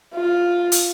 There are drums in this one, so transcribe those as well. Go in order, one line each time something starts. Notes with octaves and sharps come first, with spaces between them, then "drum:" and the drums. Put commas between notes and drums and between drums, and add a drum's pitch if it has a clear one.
F4
drum: hi-hat